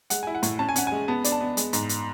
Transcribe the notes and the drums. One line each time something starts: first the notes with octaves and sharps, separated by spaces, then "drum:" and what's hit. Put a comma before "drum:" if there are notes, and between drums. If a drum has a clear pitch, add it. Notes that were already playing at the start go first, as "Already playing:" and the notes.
G#3 F#5, drum: hi-hat
E4 G#5
F#5
A2, drum: hi-hat
C#4 A5
G#5
C#4 F#5, drum: hi-hat
G#3 G#5
B3 A5
D4, drum: hi-hat
A5
B3
G#3, drum: hi-hat
G#2, drum: hi-hat
drum: hi-hat